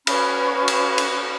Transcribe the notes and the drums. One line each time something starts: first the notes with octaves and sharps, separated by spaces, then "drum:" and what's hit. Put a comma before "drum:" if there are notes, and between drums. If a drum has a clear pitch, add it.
C#4 F#4 B4 B5, drum: cymbal
C#6
C#6
drum: cymbal
drum: cymbal